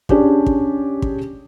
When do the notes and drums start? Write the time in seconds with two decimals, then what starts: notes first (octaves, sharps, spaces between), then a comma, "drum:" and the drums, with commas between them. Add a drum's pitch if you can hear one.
0.09 C#4 D4 G4 G#4 D5, drum: kick
0.46 drum: kick
1.02 drum: kick